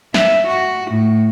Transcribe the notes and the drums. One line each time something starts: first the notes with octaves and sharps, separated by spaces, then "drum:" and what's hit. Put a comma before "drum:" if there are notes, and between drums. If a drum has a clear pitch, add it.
E5, drum: snare
F#4
A2